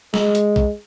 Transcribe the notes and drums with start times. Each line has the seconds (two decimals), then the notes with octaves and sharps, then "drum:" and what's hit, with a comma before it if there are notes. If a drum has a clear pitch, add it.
0.14 G#3, drum: snare
0.35 drum: hi-hat
0.56 drum: kick